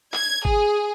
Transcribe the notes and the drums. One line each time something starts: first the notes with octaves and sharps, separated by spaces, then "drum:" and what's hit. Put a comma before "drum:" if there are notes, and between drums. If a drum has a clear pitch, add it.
G#6, drum: clap
G#4, drum: kick